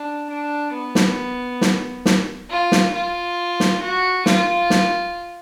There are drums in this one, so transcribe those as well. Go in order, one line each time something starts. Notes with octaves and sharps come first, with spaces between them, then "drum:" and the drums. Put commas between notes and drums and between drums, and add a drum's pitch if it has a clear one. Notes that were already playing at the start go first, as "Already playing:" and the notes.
Already playing: D4
D4
B3
drum: snare
drum: snare
drum: snare
F4
drum: snare
F4
drum: snare
F#4
F4, drum: snare
drum: snare